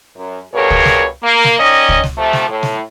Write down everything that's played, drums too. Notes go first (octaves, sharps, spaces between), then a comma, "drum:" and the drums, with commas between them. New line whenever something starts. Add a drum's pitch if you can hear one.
F#2
G2 B2 G#4 A#4 C#5
drum: kick C#2
drum: snare
A#3
drum: snare
D#3 C#4 D5 D#5
drum: kick C#2
drum: snare
C3 F3 A3
drum: snare
A2
drum: snare